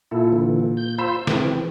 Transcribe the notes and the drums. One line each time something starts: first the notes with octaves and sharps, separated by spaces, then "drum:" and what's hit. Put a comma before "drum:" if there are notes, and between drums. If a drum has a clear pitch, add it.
A#2 E4 A4
D3 E3
G6
F4 C5 B5 E6
E3 C4, drum: snare